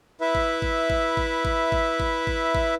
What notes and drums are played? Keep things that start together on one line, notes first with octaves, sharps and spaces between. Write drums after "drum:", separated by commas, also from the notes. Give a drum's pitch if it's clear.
E4 B4 E5
drum: kick G#1
drum: kick G#1
drum: kick G#1
drum: kick G#1
drum: kick G#1
drum: kick G#1
drum: kick G#1
drum: kick G#1
drum: kick G#1